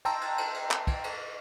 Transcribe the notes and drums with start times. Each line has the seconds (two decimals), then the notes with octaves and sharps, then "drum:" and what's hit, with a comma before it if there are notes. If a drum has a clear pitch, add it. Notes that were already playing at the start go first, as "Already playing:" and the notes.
0.05 G5 A5 A#5 C6 E6, drum: cymbal
0.21 drum: cymbal
0.38 drum: cymbal
0.54 drum: cymbal
0.71 drum: clap
0.87 drum: kick, cymbal
1.04 drum: cymbal